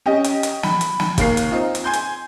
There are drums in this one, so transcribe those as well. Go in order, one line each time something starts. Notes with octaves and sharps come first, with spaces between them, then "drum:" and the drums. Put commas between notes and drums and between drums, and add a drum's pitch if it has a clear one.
C#4 G4 D#5
drum: hi-hat
drum: hi-hat
B5, drum: snare
drum: hi-hat
drum: snare
D#2 A#3 C7, drum: kick, hi-hat
drum: hi-hat
C4 D#4 F4
drum: hi-hat
G#5 C6 G6
drum: hi-hat